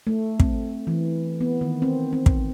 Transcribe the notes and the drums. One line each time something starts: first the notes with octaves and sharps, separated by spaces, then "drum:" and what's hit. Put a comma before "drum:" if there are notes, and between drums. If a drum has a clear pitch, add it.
A3
C4, drum: kick
E3
B3
D#3
C4
C4
drum: kick